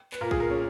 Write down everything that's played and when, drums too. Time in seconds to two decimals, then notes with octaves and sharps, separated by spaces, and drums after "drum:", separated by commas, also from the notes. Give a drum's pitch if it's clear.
0.12 B4, drum: clap
0.21 A#2 A#4
0.31 G#4, drum: kick
0.40 A#4
0.50 C#4